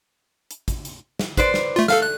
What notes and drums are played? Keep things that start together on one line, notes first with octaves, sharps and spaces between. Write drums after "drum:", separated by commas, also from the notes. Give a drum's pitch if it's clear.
drum: hi-hat
drum: kick, hi-hat
drum: hi-hat
drum: snare
B4 C5 D5, drum: kick, hi-hat
drum: snare
A3 F4
A3 A4 F5 F6, drum: snare
F#6